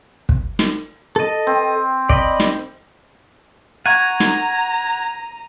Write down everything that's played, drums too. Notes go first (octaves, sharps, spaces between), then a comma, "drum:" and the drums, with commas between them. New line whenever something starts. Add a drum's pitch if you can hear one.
drum: kick
drum: snare
A4 D#5
C4
D5 D#5 B5, drum: kick
drum: snare
F#5 A#5 C#6 G#6 D#7
drum: snare